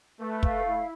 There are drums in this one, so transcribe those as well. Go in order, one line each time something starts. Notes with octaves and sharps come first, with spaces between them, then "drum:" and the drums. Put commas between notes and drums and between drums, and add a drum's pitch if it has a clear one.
A3 B4
F5, drum: kick
E4